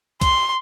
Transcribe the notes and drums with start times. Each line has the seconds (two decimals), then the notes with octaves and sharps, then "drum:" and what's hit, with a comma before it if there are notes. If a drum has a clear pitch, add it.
0.21 C6, drum: kick C2, hi-hat